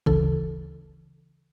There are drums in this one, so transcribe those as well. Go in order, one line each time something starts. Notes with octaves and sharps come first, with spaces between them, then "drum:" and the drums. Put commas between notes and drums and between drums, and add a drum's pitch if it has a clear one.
D2 C#3 E3 A4, drum: kick